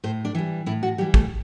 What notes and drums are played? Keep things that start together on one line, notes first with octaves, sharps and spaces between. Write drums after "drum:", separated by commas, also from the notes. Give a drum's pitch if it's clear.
A2 C5
D4
E3 G3
A2 E4
F#4
E3 G3 G4
A3, drum: kick